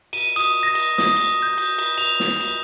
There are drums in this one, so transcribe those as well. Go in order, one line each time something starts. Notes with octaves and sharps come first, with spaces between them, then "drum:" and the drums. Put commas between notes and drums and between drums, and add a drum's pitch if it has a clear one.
D#7, drum: cymbal
D#6, drum: cymbal
A#6
drum: cymbal
D#6, drum: snare
drum: cymbal
G6
drum: cymbal
drum: cymbal
F7, drum: cymbal
drum: snare
drum: cymbal